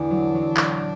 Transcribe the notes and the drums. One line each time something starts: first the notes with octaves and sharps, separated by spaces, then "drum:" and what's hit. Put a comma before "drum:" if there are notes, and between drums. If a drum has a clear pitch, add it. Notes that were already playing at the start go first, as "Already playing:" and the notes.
Already playing: E2 D3 A3 D4
F#3
F#3
drum: clap